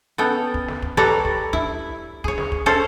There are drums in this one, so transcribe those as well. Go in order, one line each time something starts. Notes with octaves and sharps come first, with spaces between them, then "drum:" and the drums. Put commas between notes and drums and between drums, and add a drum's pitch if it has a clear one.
B3 C#4 A4 G5
drum: kick
drum: snare
drum: kick
G3 A4 B4 C#5 D5 A#5
drum: kick
E4, drum: kick
G#4 C#5, drum: kick
drum: snare
drum: kick
C#4 A4 C5 C#5